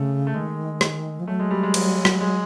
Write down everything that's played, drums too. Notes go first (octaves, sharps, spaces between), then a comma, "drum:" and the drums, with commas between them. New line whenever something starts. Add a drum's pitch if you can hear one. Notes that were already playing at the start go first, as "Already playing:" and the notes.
Already playing: C#3 A3
A3
D#3 G#3
drum: rim click
F3
F#3 A3
G#3
G3
G#3
drum: cymbal
drum: rim click
G#3